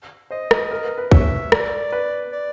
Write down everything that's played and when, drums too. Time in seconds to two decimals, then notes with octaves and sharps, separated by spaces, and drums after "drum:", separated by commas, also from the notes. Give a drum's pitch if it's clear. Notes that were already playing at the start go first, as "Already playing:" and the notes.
0.31 C5 D#5
0.51 B4, drum: rim click
0.71 A#4
0.85 B4
0.98 B4
1.11 C#5 E5, drum: kick
1.52 D5, drum: rim click
1.92 B4
2.32 D5